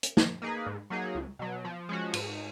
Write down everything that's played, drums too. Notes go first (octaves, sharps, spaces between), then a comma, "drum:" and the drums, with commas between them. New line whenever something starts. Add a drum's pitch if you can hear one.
drum: hi-hat
D#3, drum: snare
A#3 D#4 G#4 B4
G#2
F#3 A#3 D#4 G#4
C#2
B2 F#3
F3
G#3 C#4 F#4
G#2, drum: cymbal